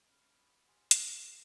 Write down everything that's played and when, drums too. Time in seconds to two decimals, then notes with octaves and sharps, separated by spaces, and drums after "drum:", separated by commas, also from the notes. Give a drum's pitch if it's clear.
0.10 C#4 B5 F6
0.37 A#5 B5 C#6 D#6
0.67 G4 F#5 G#5 C6 D#6 F6
0.91 G#4 A#4 B4 F5 G5 F6, drum: hi-hat